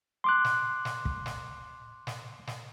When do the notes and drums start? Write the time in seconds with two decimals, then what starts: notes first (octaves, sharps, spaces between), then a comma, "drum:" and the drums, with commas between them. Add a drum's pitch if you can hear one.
0.24 C6 D6 F#6
0.44 drum: snare
0.85 drum: snare
1.05 drum: kick
1.26 drum: snare
2.07 drum: snare
2.47 drum: snare